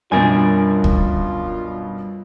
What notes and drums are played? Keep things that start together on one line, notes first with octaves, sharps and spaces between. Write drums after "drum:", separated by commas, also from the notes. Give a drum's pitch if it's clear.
F#2 B2 G3 D4 F4 A#4 G#5
drum: kick C#2